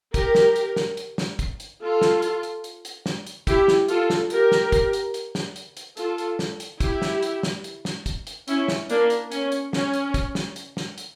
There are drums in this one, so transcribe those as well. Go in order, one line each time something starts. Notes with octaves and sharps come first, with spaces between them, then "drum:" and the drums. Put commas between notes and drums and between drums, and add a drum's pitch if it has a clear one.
G4 A#4, drum: kick, hi-hat
drum: snare
drum: hi-hat
drum: snare
drum: hi-hat
drum: snare
drum: kick, hi-hat
drum: hi-hat
F4 A4
drum: snare
drum: hi-hat
drum: hi-hat
drum: hi-hat
drum: hi-hat
drum: snare
drum: hi-hat
E4 G4, drum: kick, hi-hat
drum: snare
F4 A4, drum: hi-hat
drum: snare
G4 A#4, drum: hi-hat
drum: snare
drum: kick, hi-hat
drum: hi-hat
drum: hi-hat
drum: snare
drum: hi-hat
drum: hi-hat
F4 A4, drum: hi-hat
drum: hi-hat
drum: snare
drum: hi-hat
E4 G4, drum: kick, hi-hat
drum: snare
drum: hi-hat
drum: snare
drum: hi-hat
drum: snare
drum: kick, hi-hat
drum: hi-hat
C#4 E4, drum: hi-hat
drum: snare
A#3 D4, drum: hi-hat
drum: hi-hat
C#4, drum: hi-hat
drum: hi-hat
C#4, drum: snare
drum: hi-hat
drum: kick, hi-hat
drum: snare
drum: hi-hat
drum: snare
drum: hi-hat